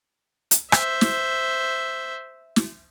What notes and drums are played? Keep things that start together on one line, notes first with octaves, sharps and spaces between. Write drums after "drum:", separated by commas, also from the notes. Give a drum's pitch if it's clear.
drum: hi-hat
C5 E5, drum: rim click
drum: snare
drum: snare